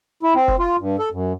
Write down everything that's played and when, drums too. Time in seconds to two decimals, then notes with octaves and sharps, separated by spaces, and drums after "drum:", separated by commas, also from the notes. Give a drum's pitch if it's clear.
0.23 E4
0.35 C4
0.48 drum: kick F1
0.59 F4
0.79 G2
0.99 A4
1.12 F#2